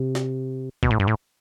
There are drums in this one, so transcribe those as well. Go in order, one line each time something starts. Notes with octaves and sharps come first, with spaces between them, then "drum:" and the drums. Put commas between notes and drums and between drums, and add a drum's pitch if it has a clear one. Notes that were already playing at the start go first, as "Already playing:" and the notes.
Already playing: C3
drum: snare
B2, drum: kick A#1
A2
G2
A2